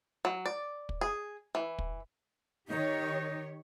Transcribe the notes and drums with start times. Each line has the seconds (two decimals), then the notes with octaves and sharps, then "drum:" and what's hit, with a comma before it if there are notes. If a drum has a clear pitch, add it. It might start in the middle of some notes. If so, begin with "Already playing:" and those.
0.25 F#3
0.46 D5
0.89 drum: kick
1.01 G#4
1.55 E3
1.79 drum: kick
2.68 D#3 D#4 G4 C#5